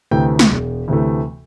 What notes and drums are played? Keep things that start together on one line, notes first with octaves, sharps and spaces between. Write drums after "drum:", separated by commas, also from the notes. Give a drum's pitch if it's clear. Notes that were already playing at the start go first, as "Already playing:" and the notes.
D2 C3 E3 A3 G5
drum: snare
E1
D2 C3 E3 A3